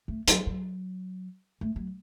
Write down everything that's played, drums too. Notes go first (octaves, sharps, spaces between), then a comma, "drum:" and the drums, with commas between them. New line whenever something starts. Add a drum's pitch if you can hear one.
A3
F#3, drum: hi-hat
F#3
A3
F#3